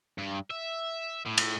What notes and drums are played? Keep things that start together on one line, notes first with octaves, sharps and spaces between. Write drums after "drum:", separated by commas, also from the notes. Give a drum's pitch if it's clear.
G2
E5
A2
drum: cymbal